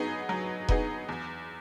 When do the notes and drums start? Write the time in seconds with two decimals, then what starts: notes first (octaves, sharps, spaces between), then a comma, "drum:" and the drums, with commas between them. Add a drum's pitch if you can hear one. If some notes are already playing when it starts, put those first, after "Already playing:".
Already playing: F#3 B3 D#4 G#4
0.29 F#3
0.69 B3 D#4 G#4, drum: kick E1
1.09 E2